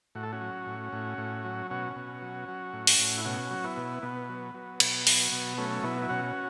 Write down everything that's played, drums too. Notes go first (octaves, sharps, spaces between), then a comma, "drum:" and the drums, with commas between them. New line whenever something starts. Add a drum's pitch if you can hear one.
A2 F#4
A4
C#4 F#4
F#3
A2
A2
A2
F#3
B2 C#4 F#4
B2
F#3
F#3
A2
drum: open hi-hat
A2
E4
B2 C#4 F#4
F#3
B3 E4
B2
B2 B3
F#3
F#3
B2, drum: cymbal
F#3, drum: open hi-hat
B2
F#3 A3 C#4
B2 B3 E4
E4
B2 C#4 F#4